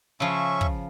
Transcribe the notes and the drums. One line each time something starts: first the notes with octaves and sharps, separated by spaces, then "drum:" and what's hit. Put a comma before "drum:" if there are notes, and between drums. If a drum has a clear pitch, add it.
C#3 F3 C#4 E5 C#6
drum: kick